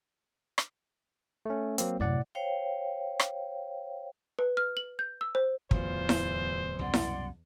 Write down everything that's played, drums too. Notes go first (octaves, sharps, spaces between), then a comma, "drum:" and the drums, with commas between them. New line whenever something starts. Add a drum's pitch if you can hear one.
drum: rim click
A3 C#4
F#3 A#3 C4, drum: hi-hat
F#2 A2 C3 D5 F#5
C5 C#5 F5 G5
drum: rim click
B4
F6
F#7
G6
E6
C5
D1 E2 F#3 F4 C5, drum: kick
drum: snare E4
C2 F#2 B2 D5 F#5 C6
drum: snare E4